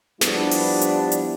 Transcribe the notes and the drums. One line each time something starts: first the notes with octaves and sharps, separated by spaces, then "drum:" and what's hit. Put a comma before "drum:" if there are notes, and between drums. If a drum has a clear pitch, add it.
F3 G3 B3 D4 E4, drum: snare
drum: open hi-hat
drum: hi-hat
drum: hi-hat